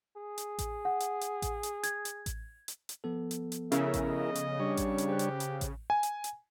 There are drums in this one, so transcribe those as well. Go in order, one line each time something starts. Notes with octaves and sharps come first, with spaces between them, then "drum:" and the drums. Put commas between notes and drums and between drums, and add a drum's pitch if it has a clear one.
G#4
drum: hi-hat
drum: kick A1, hi-hat
F#5
drum: hi-hat
drum: hi-hat
drum: kick A1, hi-hat
drum: hi-hat
G#6, drum: hi-hat
drum: hi-hat
drum: kick A1, hi-hat
drum: hi-hat
drum: hi-hat
F3 B3 A4
drum: hi-hat
drum: hi-hat
C#3 E4 A#4 E5, drum: hi-hat
drum: kick A1, hi-hat
D#5
drum: hi-hat
G3 D4 C#5
drum: kick A1, hi-hat
drum: hi-hat
G4 C5 F#6
drum: hi-hat
drum: hi-hat
drum: kick A1, hi-hat
G#5
drum: hi-hat
drum: hi-hat